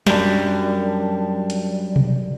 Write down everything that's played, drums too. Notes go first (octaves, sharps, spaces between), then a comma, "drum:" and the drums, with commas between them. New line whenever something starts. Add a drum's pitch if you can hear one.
F#2 G3 D4, drum: snare
drum: hi-hat
drum: tom B2